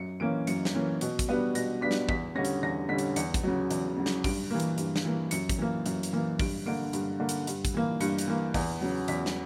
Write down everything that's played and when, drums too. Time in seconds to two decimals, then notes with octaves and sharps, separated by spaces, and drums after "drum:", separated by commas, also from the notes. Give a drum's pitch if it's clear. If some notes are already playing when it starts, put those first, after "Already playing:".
Already playing: F#2 C#7
0.20 E3 A#3 C#4 D7
0.47 F#2 C#7, drum: hi-hat
0.65 drum: snare
0.75 E3 A#3 C#4
1.01 B2, drum: hi-hat
1.19 drum: kick, hi-hat
1.28 G3 B3 D4
1.55 B2 A#6, drum: hi-hat
1.81 G3 B3 D4 B6
1.91 drum: snare
2.09 E2 B6, drum: kick
2.35 D3 G3 C#4 A#6
2.45 drum: hi-hat
2.63 E2 A#6
2.89 D3 G3 C#4 B6
2.98 drum: hi-hat
3.16 E2 C#7, drum: hi-hat
3.34 drum: kick, hi-hat
3.43 C#3 F#3
3.70 E2, drum: hi-hat
3.97 C#3 F#3
4.06 drum: snare
4.24 G2 D7, drum: kick, open hi-hat
4.50 E3 A#3
4.60 drum: hi-hat
4.78 G2, drum: hi-hat
4.96 drum: snare
5.05 E3 A#3
5.31 F#2 C#7, drum: hi-hat
5.49 drum: kick, hi-hat
5.59 E3 A#3
5.86 F#2, drum: hi-hat
6.03 drum: hi-hat
6.13 E3 A#3
6.39 G2 D7, drum: kick, open hi-hat
6.66 D3 A#3 D7
6.93 G2, drum: hi-hat
7.20 D3 A#3
7.29 drum: hi-hat
7.47 G2, drum: hi-hat
7.65 drum: kick, hi-hat
7.74 E3 A#3
8.00 G2 C#7, drum: hi-hat
8.18 drum: hi-hat
8.27 E3 A#3
8.54 E2, drum: kick, open hi-hat
8.81 C#3 F#3
9.08 E2 B6, drum: hi-hat
9.26 drum: snare